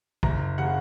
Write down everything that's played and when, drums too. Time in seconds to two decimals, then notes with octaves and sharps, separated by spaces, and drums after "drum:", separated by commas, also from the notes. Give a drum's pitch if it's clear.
0.23 F#1 A#5, drum: kick
0.58 C#3 F#5